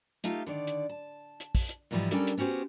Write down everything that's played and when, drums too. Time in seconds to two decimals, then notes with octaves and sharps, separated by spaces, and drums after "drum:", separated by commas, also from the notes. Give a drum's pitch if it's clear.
0.24 A3 D#4 F4 G4, drum: hi-hat
0.46 D3 D#3 D5
0.67 drum: hi-hat
0.89 A5
1.40 drum: hi-hat
1.55 drum: kick, open hi-hat
1.69 drum: hi-hat
1.91 G#2 B2 E3 F3 G3
2.11 G3 C#4 D4 G4 A4 A#4, drum: hi-hat
2.27 drum: hi-hat
2.38 B3 C#4 F#4 G4 C5